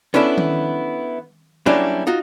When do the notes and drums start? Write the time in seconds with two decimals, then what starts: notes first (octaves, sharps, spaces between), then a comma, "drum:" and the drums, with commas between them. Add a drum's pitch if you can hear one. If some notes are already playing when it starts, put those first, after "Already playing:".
0.14 B3 C#4 D4 E4 A4
0.37 drum: tom D#3
1.66 F#3 G3 A#3 C#4 D4 E4
2.07 D#4 F4 F#4